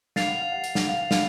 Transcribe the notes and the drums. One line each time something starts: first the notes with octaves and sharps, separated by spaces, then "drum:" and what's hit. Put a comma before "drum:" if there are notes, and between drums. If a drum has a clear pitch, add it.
F5 A6 C7 F7, drum: snare
F#5
F5
F#5
F5, drum: hi-hat
F#5, drum: snare
F5
F#5
F5, drum: snare